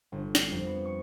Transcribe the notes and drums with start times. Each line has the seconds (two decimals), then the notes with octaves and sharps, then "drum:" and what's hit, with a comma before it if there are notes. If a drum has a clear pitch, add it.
0.12 G1
0.35 C7, drum: snare
0.51 F2
0.66 B3
0.85 C#6